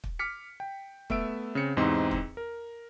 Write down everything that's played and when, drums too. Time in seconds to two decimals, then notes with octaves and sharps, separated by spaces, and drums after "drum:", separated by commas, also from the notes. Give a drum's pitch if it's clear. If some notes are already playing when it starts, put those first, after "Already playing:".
0.04 drum: kick
0.19 D6 F6 B6 C#7
0.60 G5
1.10 A3 B3 E5 E6 D7, drum: kick
1.55 C#3 C4 C#7
1.77 E2 G#2 C3 C4 D#4 C6
2.11 drum: kick
2.37 A#4